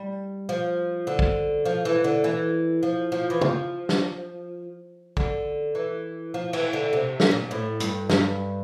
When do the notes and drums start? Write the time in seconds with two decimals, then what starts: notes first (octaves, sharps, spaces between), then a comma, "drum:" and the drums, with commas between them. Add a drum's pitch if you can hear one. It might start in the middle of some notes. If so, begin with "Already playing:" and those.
Already playing: G3
0.49 F3
1.07 D3
1.19 drum: kick
1.65 F3
1.85 E3
2.04 D3
2.24 E3
2.83 F3
3.12 F3
3.30 E3
3.41 F3, drum: tom
3.89 drum: snare
5.17 D3, drum: kick
5.75 E3
6.34 F3
6.53 E3, drum: cymbal
6.73 D3
6.93 C3
7.20 drum: snare
7.31 A#2
7.51 A2
7.80 G2, drum: hi-hat
8.10 G2, drum: snare